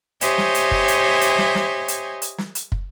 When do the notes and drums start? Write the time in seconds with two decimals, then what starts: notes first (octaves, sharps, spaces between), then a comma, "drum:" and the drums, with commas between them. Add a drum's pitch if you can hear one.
0.21 G4 C5 C#5 D#5 E5 G#5, drum: hi-hat
0.38 drum: snare
0.55 drum: hi-hat
0.71 drum: kick
0.88 drum: hi-hat
1.21 drum: hi-hat
1.38 drum: snare
1.55 drum: snare
1.88 drum: hi-hat
2.22 drum: hi-hat
2.38 drum: snare
2.55 drum: hi-hat
2.72 drum: kick